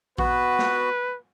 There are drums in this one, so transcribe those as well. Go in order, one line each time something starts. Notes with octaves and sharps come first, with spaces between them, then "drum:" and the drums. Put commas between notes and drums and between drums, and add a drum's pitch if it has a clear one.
B3 F#4 B4, drum: kick A1
drum: snare